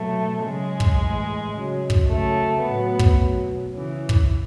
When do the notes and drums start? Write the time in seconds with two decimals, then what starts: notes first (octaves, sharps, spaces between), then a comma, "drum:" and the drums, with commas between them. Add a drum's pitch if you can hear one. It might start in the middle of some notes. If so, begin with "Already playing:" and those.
Already playing: B2 F#3 A3
0.43 C#3 F#3 G#3
0.80 drum: kick
0.98 A2 E3
1.53 C#3 F#3
1.90 drum: kick
2.08 C#3 F#3 A3
2.63 A2 F#3 B3
2.99 drum: kick
3.17 B2 F#3
3.73 C#3 E3
4.09 drum: kick